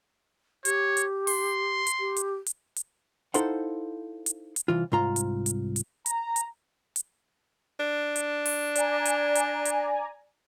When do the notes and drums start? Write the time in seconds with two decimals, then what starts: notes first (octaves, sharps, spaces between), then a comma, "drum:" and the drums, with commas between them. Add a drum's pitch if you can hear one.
0.65 G4 C#5, drum: hi-hat
0.97 drum: hi-hat
1.27 C6, drum: open hi-hat
1.87 drum: hi-hat
1.99 G4
2.16 drum: hi-hat
2.46 drum: hi-hat
2.76 drum: hi-hat
3.34 D#4 E4 A4 C5 F5 F#5, drum: hi-hat
4.26 drum: hi-hat
4.56 drum: hi-hat
4.68 C2 E3 F4
4.92 C2 G#2 F4 A#5
5.16 drum: hi-hat
5.46 drum: hi-hat
5.76 drum: hi-hat
6.06 A#5, drum: hi-hat
6.36 drum: hi-hat
6.96 drum: hi-hat
7.79 D4
8.16 drum: hi-hat
8.46 drum: open hi-hat
8.75 D5 G#5 A#5, drum: hi-hat
9.05 drum: hi-hat
9.35 drum: hi-hat
9.65 drum: hi-hat